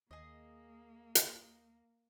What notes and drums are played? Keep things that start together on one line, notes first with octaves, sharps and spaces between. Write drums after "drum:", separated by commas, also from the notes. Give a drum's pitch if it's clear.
D#2 A#3 G#4 D#5
drum: hi-hat